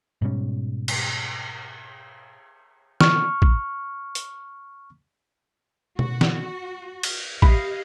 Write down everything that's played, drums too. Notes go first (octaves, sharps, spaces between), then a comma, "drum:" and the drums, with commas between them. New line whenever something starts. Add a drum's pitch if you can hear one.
G#2 B2 G3 C#4
drum: cymbal
C#6 F6, drum: snare
drum: kick
drum: hi-hat
F#4, drum: tom B2
drum: snare
drum: cymbal
G4 D#5 F5 B5, drum: kick